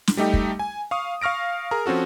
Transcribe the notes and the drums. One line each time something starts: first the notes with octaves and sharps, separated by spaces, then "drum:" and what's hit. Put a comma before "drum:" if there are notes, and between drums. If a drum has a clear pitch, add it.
drum: snare
G3 A3 D#4 G4
drum: kick
G#5
F5 C#6 D#6
F5 C#6 F6 A#6 D7
G#4 A#4 A#5
F3 C4 C#4 F#4 A4